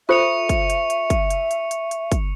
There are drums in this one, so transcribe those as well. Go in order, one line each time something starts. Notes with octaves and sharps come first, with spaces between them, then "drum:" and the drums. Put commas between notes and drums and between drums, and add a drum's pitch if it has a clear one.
F4 A4 C5 E5 C#6 C#7 F7
drum: kick, hi-hat
drum: hi-hat
drum: hi-hat
drum: kick, hi-hat
drum: hi-hat
drum: hi-hat
drum: hi-hat
drum: hi-hat
drum: kick, hi-hat